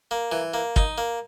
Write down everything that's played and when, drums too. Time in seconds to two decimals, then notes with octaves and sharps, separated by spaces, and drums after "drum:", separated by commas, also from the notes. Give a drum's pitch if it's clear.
0.11 A#3
0.32 E3
0.54 A#3
0.76 D#4, drum: kick
0.98 A#3